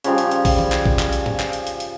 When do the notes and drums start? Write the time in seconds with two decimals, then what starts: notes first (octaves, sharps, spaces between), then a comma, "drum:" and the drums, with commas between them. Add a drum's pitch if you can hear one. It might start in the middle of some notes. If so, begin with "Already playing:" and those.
0.04 C#3 F3 G3, drum: hi-hat
0.18 drum: hi-hat
0.31 drum: hi-hat
0.45 drum: kick, open hi-hat
0.58 drum: tom D#3
0.72 drum: clap
0.86 drum: kick
0.99 drum: clap
1.13 drum: hi-hat
1.26 drum: tom G#2
1.40 drum: clap
1.53 drum: hi-hat
1.67 drum: hi-hat
1.80 drum: hi-hat